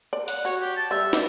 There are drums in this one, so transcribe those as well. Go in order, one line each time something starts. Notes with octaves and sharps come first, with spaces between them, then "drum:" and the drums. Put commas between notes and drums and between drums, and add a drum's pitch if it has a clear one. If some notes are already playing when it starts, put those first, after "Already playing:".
D5
F#5, drum: hi-hat
F#4 C#5
G4
A5
G3 E5
drum: snare